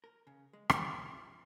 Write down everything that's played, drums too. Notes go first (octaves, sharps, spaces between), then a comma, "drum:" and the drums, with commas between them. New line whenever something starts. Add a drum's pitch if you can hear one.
A#4
C#3
G#3
F3, drum: rim click